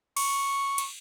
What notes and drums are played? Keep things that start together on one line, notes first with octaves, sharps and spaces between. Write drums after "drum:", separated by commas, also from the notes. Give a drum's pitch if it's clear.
C#6, drum: cymbal
drum: cymbal